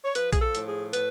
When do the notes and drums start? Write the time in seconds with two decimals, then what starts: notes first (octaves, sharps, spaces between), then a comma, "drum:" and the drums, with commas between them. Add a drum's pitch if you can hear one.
0.05 C#5
0.15 F3 B4, drum: hi-hat
0.33 G#4, drum: kick A#1, hi-hat
0.41 A4
0.55 A2, drum: hi-hat
0.67 G#4
0.93 A2 B4, drum: hi-hat